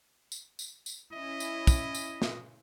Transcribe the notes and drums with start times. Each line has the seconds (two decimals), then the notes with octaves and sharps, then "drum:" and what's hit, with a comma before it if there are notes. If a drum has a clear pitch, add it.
0.32 drum: tambourine
0.59 drum: tambourine
0.86 drum: tambourine
1.13 C#4 E4 D#5
1.40 drum: tambourine
1.67 drum: kick, tambourine
1.95 drum: tambourine
2.22 drum: snare